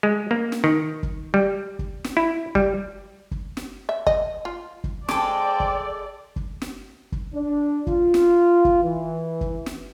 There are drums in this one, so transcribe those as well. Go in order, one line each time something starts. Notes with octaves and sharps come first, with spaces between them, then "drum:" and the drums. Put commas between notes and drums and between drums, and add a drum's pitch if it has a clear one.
G#3
A#3
drum: snare
D#3
drum: kick
G3
drum: kick
drum: snare
E4
G3, drum: kick
drum: kick
drum: snare
E5
D#5, drum: kick
F4
drum: kick
G#3 A4 C5 D5 G5 A5 D6, drum: snare
drum: kick
drum: kick
drum: snare
drum: kick
D4
F4, drum: kick
drum: snare
drum: kick
E3
drum: kick
drum: snare